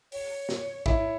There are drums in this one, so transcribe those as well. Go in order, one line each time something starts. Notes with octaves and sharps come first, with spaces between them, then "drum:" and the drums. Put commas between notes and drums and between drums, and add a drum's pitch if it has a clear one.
C#5, drum: open hi-hat
drum: snare
E4 C#5, drum: kick